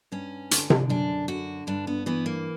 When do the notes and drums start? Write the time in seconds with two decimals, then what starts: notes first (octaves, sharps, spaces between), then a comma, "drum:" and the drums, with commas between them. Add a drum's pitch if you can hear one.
0.12 G2 C#4
0.51 D3, drum: hi-hat
0.70 drum: tom C3
0.89 F#2 D4
1.28 D3 F#4
1.67 G2 D4
1.87 B3
2.06 E3 B3
2.26 A#3